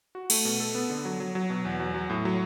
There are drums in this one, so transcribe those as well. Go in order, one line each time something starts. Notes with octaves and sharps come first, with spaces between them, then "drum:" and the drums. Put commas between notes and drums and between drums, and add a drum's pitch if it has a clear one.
F#4
A3, drum: cymbal
B2
A4
B3
D3
F#3
F#3
F#3
B2
E2
F#3
F#3
A2
F#3